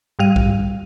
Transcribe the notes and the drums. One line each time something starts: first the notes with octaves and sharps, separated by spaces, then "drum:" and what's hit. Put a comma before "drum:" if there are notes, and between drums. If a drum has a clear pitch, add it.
G#2 G3 F5 D#7
drum: kick